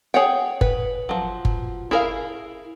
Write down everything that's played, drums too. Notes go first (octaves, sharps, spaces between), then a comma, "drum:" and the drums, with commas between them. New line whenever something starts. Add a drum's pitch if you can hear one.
G#4 C#5 F#5 G5
B4, drum: kick G1
F3 F#3
drum: kick G1
E4 G#4 A#4 D5 F5